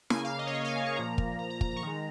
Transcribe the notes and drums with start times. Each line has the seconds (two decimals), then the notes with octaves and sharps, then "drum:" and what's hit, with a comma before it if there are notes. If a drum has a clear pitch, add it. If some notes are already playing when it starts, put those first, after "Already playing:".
0.10 C#3 A#3 G#5, drum: snare
0.25 F5
0.39 D#5
0.47 C#5
0.53 D#5
0.64 F5
0.76 G#5
0.86 C#6
0.96 A#2 F3 A#3 A#5
1.18 drum: kick
1.39 A#5
1.50 A#5
1.61 A#5, drum: kick
1.71 A#5
1.76 C#6
1.82 D#3 G#3 A#5